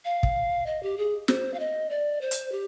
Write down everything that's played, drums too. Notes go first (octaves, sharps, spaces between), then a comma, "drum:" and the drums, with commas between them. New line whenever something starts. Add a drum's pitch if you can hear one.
F5
drum: kick
D#5
G4
G#4
C5, drum: snare
F5
D#5
D5
C5
drum: hi-hat
G4